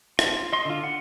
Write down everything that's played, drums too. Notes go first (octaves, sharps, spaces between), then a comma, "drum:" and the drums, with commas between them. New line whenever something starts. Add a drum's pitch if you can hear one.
F4, drum: rim click
D#5 C6
D3 F4
F#5